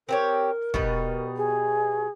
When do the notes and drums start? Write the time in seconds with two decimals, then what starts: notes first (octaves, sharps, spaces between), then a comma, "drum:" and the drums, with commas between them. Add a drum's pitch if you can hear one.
0.09 C4 G4 A#4 C#5
0.74 B2 G3 D#4, drum: kick
1.37 G#4